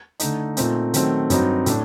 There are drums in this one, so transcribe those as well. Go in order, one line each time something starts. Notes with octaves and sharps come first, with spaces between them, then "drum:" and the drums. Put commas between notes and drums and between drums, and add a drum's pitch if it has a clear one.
D3 A3 D#4, drum: hi-hat
A#2 A3 C4 D#4, drum: hi-hat
D#3 F#3 A3 C4, drum: hi-hat
G2 F#3 C4 D#4, drum: hi-hat
A2 A3 D4, drum: hi-hat